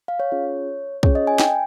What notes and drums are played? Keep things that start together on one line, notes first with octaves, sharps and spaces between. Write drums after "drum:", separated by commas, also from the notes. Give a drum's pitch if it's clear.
F5
C#5
C#4 F4 G#4
C#4 F4 G#4 C#5, drum: kick
D#5
G#5
G5, drum: snare